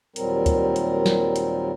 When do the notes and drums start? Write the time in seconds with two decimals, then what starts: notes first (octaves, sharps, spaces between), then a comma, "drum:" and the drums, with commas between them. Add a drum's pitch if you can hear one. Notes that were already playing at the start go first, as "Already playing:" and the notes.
0.16 D#2 A#2 F#3 G3 C4 A#4, drum: hi-hat
0.46 drum: kick C#2, hi-hat
0.76 drum: hi-hat
1.06 drum: snare
1.36 drum: hi-hat